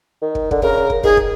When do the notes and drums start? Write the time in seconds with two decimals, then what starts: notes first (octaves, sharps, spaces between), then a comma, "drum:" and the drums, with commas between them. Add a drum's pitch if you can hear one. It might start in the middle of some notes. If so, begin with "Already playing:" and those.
0.22 D#3
0.35 drum: kick
0.51 D3, drum: kick
0.62 C#3 A#4, drum: kick
0.90 drum: kick
1.03 D#3 G#4, drum: kick
1.17 drum: kick